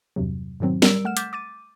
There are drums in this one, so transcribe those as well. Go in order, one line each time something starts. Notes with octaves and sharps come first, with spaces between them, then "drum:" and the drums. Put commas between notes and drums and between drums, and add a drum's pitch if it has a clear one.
E2 G2 C3 F#3
G#2 B2 D#3 F#3 C4
G3 A#4 D5 E6 D7, drum: snare
A3 F#5 F6 E7
D6 F6 G6 A6 B6, drum: hi-hat
D6 A6 D#7